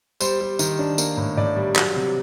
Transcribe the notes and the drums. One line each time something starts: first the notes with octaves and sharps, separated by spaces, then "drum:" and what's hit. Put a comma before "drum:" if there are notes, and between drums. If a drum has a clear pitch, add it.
G3 C5, drum: tambourine
G3
D#3, drum: tambourine
D4
A#3, drum: tambourine
A2
A2 D5
G3
F#3, drum: clap
C3